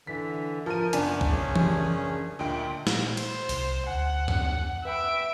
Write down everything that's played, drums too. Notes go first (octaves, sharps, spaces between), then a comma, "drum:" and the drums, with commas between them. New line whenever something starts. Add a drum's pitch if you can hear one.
D3 E3 B6
F3 A#4 D#7
F#1 B3 D4 G#5, drum: hi-hat
drum: kick
C#4 G#4
drum: tom E3
D2 A#2 D#5 G5
A#2, drum: snare
C5, drum: cymbal
C2, drum: open hi-hat
D2 F#5 G#5
drum: tom F2
B4 E5 G5 B5 D7